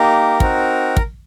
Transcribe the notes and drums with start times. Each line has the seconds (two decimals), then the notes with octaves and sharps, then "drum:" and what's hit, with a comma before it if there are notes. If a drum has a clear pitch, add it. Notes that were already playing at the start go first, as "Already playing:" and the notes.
Already playing: A#3 D#4 G4 A#4
0.40 C4 D#4 F#4, drum: kick
0.97 drum: kick